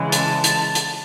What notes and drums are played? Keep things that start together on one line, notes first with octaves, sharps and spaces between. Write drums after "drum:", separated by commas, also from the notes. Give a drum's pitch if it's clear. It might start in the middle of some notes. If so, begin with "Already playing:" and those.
Already playing: C#3 E3 G#3
A5, drum: hi-hat
drum: hi-hat
drum: hi-hat